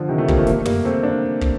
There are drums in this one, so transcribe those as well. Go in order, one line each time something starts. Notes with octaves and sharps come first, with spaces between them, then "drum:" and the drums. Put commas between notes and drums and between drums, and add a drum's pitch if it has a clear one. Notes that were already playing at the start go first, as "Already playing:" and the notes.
Already playing: D3 F3
C3 D#3
F3 A3
G3 A#3, drum: kick
F3 A3
G3 A#3, drum: snare
A3
G3 A#3, drum: tom
A3 C4
A#3 D4
drum: kick